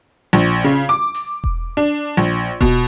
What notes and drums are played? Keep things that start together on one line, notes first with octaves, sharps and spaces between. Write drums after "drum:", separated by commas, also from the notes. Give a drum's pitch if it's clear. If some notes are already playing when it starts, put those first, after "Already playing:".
A#1
C#3
D6
drum: open hi-hat
drum: kick E1
D4
A#1
B2, drum: kick E1